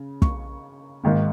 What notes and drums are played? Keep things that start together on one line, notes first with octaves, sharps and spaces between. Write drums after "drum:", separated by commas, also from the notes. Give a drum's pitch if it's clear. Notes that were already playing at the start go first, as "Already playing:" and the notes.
Already playing: C#3
C#6, drum: kick
G#1 G#2 D#3 A#3